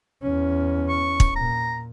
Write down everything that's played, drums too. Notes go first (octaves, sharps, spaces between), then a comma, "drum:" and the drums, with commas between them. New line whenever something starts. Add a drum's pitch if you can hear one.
E2 C#4
C#6
drum: kick
A#2 A#5